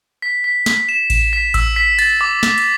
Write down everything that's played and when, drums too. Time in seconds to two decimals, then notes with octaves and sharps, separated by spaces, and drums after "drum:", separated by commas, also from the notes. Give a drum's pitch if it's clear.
0.22 B6
0.44 B6
0.66 B6, drum: snare
0.89 E7
1.10 E7, drum: kick A1, cymbal
1.33 B6
1.54 E6, drum: kick A1, cymbal
1.76 B6
1.99 A6, drum: cymbal
2.21 D6
2.43 D6, drum: snare
2.58 drum: cymbal